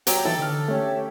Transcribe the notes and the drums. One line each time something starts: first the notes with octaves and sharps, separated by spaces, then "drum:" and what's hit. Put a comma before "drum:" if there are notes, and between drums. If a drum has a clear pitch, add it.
F#3 G4 G5, drum: hi-hat
E3 D#4 E4 A4
D3 F6
A3 C#4 G4 C#5 E5